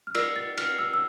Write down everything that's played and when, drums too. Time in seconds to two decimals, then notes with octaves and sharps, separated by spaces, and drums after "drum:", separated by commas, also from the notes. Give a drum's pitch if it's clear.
0.07 F6
0.15 F4 A#4 D5 E6, drum: cymbal
0.36 A6
0.57 F6, drum: cymbal
0.79 E6
0.94 E6